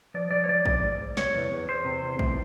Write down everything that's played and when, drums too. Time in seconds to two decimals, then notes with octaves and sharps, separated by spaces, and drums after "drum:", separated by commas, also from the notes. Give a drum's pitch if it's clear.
0.14 F3 D5
0.31 F3 D5
0.44 C#5
0.48 F3 D5
0.66 F3 D5, drum: kick A1
0.83 G#2
1.00 G#2
1.17 C3 C#5, drum: snare
1.34 E2
1.51 E2
1.68 E2 C5
1.85 C3
2.03 E2
2.19 A2, drum: kick A1